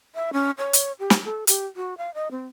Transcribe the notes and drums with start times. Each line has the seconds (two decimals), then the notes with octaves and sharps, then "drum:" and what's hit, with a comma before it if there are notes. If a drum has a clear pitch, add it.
0.15 E5
0.33 C#4
0.58 C#5
0.73 drum: hi-hat
0.99 G4
1.10 drum: snare
1.25 A4
1.47 G4, drum: hi-hat
1.76 F#4
1.98 F5
2.14 D#5
2.31 C4